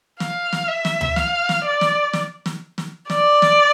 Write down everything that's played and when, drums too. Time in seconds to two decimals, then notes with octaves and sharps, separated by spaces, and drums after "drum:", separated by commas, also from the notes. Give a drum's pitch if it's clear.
0.20 F5, drum: snare
0.53 drum: snare
0.68 E5
0.85 drum: snare
1.01 drum: tom D2
1.16 F5, drum: snare
1.49 drum: snare
1.66 D5
1.81 drum: snare
2.13 drum: snare
2.46 drum: snare
2.78 drum: snare
3.10 D5, drum: snare
3.42 drum: snare